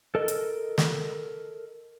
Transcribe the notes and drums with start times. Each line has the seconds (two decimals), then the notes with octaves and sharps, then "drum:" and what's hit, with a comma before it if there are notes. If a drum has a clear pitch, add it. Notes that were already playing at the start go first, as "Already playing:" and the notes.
0.15 A4 A#4 D#5
0.28 drum: hi-hat
0.78 drum: snare